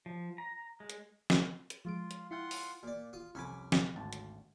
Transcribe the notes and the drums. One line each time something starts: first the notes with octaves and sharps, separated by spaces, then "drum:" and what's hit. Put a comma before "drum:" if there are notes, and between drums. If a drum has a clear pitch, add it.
F3
A#5
G#3
drum: hi-hat
drum: snare
drum: hi-hat
F3 G#3 F4 D7
drum: hi-hat
E4 F4 E5 F#5 G5 C6
drum: open hi-hat
A#2 D5
F4 D#6
C2 F2 C#4 G#5 B5 D6
drum: snare
G#1 D2 A5
drum: hi-hat